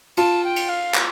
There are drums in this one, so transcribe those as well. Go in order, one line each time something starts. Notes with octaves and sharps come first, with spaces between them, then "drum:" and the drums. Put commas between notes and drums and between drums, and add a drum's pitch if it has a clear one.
F4 A5, drum: cymbal
G5
drum: cymbal
F5
drum: clap